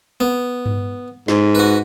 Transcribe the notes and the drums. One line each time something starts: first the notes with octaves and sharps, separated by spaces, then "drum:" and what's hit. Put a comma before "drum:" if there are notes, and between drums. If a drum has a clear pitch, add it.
B3
drum: tom G2
G#2, drum: snare
F#4 B4